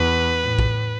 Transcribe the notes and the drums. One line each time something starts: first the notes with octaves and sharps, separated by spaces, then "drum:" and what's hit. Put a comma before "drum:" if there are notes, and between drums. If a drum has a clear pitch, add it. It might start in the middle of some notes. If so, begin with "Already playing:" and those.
Already playing: E2 B4
A2
drum: kick A#1